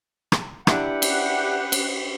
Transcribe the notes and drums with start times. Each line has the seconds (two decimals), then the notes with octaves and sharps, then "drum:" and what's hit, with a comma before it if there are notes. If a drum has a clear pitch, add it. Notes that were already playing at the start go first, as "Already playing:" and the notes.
0.32 drum: rim click
0.67 D4 E4 G4 B4 F#5, drum: rim click
1.02 drum: cymbal
1.72 drum: cymbal